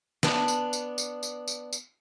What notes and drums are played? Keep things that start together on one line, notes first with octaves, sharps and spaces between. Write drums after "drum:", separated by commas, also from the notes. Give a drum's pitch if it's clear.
B3 D4, drum: snare
drum: tambourine
drum: tambourine
drum: tambourine
drum: tambourine
drum: tambourine
drum: tambourine